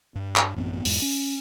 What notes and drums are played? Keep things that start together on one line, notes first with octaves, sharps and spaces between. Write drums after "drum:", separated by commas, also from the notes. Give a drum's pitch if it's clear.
G2
drum: clap
A1 F#2 B3 C4
E2 G#2 G#3, drum: open hi-hat
C#4